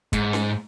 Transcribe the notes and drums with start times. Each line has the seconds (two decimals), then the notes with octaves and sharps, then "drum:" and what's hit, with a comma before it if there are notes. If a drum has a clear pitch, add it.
0.13 G#2, drum: kick, hi-hat
0.33 drum: snare C#4